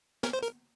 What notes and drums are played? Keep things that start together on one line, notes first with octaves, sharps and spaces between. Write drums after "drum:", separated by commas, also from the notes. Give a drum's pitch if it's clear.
A#4, drum: snare
C5
A#4, drum: hi-hat